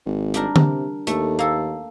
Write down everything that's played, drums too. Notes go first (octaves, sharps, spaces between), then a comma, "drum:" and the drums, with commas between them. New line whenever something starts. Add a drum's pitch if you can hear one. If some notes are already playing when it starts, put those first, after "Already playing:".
G#1
G3 D4 A#4, drum: hi-hat
C3, drum: tom D3
D#2 A3, drum: hi-hat
A#3 A4